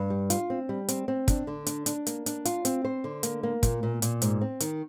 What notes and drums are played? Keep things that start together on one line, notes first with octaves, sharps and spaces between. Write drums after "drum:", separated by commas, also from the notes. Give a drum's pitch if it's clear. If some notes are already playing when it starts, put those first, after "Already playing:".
Already playing: G2
G3
F4, drum: hi-hat
C4
G3
C4, drum: hi-hat
C4
D4, drum: kick, hi-hat
D3
D4, drum: hi-hat
D4, drum: hi-hat
A#3, drum: hi-hat
D4, drum: hi-hat
F4, drum: hi-hat
C4, drum: hi-hat
C5
D3
A#3, drum: hi-hat
A#3
A#2, drum: kick, hi-hat
A#2
A#2, drum: hi-hat
G#2, drum: hi-hat
C4
D#3, drum: hi-hat